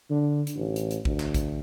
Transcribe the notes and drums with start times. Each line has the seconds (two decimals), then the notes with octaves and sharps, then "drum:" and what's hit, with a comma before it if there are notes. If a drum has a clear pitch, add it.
0.10 D3
0.47 drum: hi-hat
0.56 A1
0.76 drum: hi-hat
0.91 drum: hi-hat
1.05 D2, drum: kick A1
1.20 drum: clap
1.34 drum: kick A1, hi-hat